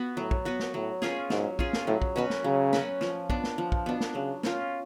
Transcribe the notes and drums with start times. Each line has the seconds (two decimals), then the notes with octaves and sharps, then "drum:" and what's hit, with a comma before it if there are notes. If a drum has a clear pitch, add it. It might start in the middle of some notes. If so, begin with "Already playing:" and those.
Already playing: B3 F#4 B4
0.17 A2 F#3
0.31 drum: kick
0.45 B3 F#4 B4
0.60 drum: snare
0.74 A2 F#3
1.02 C#4 F4 G#4, drum: snare
1.30 G#2 F#3, drum: snare
1.59 C#4 F4 G#4, drum: kick
1.73 drum: snare
1.87 A2 F#3
2.02 drum: kick
2.16 B2 C#4 F#4 B4
2.30 drum: snare
2.44 C#3 F#3
2.73 C#4 F#4 B4, drum: snare
3.01 F3, drum: snare
3.30 B3 D4, drum: kick
3.44 drum: snare
3.58 F3
3.72 drum: kick
3.86 B2 B3 D4
4.00 drum: snare
4.15 C#3 F#3
4.43 C#4 F4, drum: snare